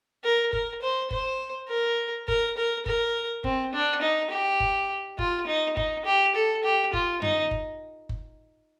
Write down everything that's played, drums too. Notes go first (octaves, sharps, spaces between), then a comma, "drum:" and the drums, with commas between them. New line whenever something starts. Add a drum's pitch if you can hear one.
A#4
A#4, drum: kick F#1
C5
C5, drum: kick F#1
A#4
A#4, drum: kick F#1
A#4
A#4, drum: kick F#1
C4, drum: kick F#1
D4
D#4
G4
drum: kick F#1
F4, drum: kick F#1
D#4
D#4, drum: kick F#1
G4
A4
G4
F4, drum: kick F#1
D#4, drum: tom F#2
drum: kick F#1
drum: kick F#1